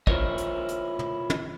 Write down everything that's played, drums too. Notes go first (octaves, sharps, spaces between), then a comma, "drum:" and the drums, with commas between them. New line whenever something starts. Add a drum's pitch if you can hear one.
E4 F4 A#4 C5 C#5 D#5, drum: kick
drum: hi-hat
drum: hi-hat
drum: tom
drum: tom